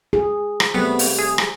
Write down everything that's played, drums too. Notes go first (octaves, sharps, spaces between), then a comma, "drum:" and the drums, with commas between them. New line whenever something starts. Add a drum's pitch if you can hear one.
G#4
drum: rim click
C3 G3 A3 B3
drum: open hi-hat
G#4
drum: rim click